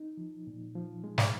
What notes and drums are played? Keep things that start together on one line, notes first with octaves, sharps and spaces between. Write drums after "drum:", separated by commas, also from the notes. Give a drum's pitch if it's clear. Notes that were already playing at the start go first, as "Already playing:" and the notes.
Already playing: D#4
F3
A#2
F3
G#3
drum: snare